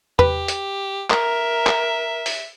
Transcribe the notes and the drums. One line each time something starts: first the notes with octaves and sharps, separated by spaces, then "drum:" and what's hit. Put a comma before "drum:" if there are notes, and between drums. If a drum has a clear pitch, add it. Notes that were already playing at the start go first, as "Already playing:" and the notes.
G4 B4, drum: tom E2
drum: hi-hat
A#4 E5, drum: clap
drum: clap
drum: open hi-hat